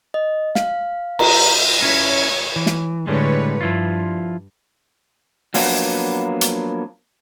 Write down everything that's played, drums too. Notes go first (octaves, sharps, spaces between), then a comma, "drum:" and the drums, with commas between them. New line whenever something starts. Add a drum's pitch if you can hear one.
D#5
F5, drum: snare
A#5, drum: cymbal
C#4 E4 C#5
E3
drum: snare
A2 D3 G3 G#3 B4 C#5
G2 F3 E4 F4
F3 F#3 A#3 B3 D4, drum: open hi-hat
drum: hi-hat